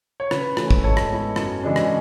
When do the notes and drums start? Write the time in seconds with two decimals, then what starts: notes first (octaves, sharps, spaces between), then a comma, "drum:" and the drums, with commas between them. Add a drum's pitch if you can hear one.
0.20 C#5
0.31 C#3 B4, drum: rim click
0.57 E3 A3 C#4 E4, drum: rim click
0.71 drum: kick
0.84 G#2 A4 C#5
0.97 drum: rim click
1.09 G#3 B3 E4
1.36 F#2, drum: rim click
1.63 C#3 E3 G#3 D4
1.76 drum: rim click